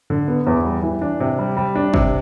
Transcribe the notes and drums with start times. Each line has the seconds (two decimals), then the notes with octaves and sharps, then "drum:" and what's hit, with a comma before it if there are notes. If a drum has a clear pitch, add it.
0.10 D3
0.28 B3
0.47 E2
0.65 G3
0.83 E3
1.02 D4
1.20 C3
1.39 G3
1.57 G3
1.75 D4
1.94 C3, drum: kick